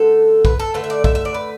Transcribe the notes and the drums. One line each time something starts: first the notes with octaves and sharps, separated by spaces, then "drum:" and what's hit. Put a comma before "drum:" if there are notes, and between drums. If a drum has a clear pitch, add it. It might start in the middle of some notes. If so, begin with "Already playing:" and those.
Already playing: D3 A3 A4
B4, drum: kick
A4
D3 A3 B4
E5
D5
E5, drum: kick
E5
D5
B4